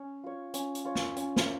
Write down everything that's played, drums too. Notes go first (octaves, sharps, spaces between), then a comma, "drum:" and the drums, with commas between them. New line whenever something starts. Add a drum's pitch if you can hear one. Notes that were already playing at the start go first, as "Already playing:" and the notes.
Already playing: C#4 C#5
F4 C#5
C#4, drum: hi-hat
drum: hi-hat
F4 C#5
drum: snare
C#4, drum: hi-hat
drum: snare